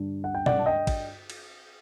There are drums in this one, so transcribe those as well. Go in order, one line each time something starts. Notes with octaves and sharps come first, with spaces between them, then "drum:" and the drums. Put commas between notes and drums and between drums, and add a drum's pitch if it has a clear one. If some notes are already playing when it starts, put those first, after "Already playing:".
Already playing: G2 D3 G3 D4
F#5
G5
D5 F#5, drum: tom
A5
D#5 G5
drum: kick, cymbal
drum: cymbal